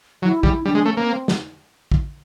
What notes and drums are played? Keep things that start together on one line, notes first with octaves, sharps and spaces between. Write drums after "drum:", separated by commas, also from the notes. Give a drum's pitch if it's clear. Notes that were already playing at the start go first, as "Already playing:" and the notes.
F#3 E4
G3 E4, drum: kick
G3 D4
G#3
A3 C#4
A#3
C4
drum: snare
drum: kick